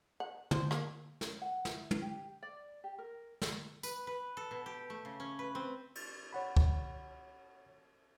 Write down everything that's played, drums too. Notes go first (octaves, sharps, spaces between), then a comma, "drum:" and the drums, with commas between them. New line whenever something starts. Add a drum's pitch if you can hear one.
F#5
C5, drum: tom
A#3, drum: rim click
C#4, drum: snare
F#5
E4, drum: snare
drum: tom
G4
D5
G4
A#4
drum: snare
B4, drum: tambourine
B4
A4
B2
G4
A3
C#3
C#4
B4
C4
drum: cymbal
C#5 F#5 B5
drum: kick C#2